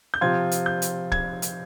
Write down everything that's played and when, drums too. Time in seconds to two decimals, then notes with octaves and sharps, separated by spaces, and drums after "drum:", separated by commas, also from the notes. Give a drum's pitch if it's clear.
0.14 G6
0.21 C3 F3 C4 F4 G#6
0.51 drum: hi-hat
0.66 G6
0.82 drum: hi-hat
1.12 G#6, drum: kick
1.42 drum: hi-hat